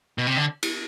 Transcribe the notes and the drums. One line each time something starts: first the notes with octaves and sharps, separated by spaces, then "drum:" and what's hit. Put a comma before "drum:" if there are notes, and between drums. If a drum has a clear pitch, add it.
B2
C3
D3
drum: cymbal